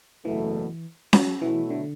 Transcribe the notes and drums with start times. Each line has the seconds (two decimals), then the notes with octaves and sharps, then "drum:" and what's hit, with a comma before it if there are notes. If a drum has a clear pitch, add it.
0.25 F#1 E2 B2 E3 F#3 A3
1.13 F#3, drum: snare C#4
1.42 B2 E3 F#3 A3 E4
1.70 D3